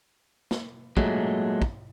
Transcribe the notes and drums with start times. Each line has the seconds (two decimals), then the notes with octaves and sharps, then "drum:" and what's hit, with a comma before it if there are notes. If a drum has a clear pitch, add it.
0.51 drum: snare
0.97 A#2 F#3 G#3 A3, drum: kick
1.62 drum: kick